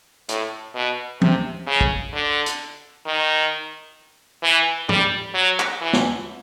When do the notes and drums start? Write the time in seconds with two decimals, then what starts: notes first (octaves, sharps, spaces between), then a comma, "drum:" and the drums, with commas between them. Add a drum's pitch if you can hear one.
0.29 A2, drum: hi-hat
0.75 B2
1.22 C3, drum: tom
1.67 C#3
1.81 drum: kick
2.13 D3
2.46 drum: hi-hat
3.06 D#3
4.43 E3
4.89 G3, drum: tom
5.34 F#3
5.60 drum: clap
5.81 E3
5.93 drum: snare